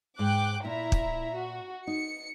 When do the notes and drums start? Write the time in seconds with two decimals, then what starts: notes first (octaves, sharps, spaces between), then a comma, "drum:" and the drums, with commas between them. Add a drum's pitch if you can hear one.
0.19 G#2 G5 D6 F#6
0.65 A#2 E4 E5 A#5
0.92 drum: kick
1.35 F#4
1.87 D#4 C#7